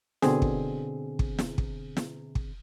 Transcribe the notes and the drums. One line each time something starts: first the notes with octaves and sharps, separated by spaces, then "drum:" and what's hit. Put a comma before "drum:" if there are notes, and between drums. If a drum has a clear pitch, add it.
B2 D3 C4 G#4, drum: snare
drum: kick
drum: kick
drum: snare
drum: kick
drum: snare
drum: kick